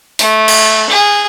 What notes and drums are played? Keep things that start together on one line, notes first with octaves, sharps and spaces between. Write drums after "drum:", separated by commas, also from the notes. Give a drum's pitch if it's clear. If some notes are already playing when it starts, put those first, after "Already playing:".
A3, drum: open hi-hat
drum: cymbal
G#4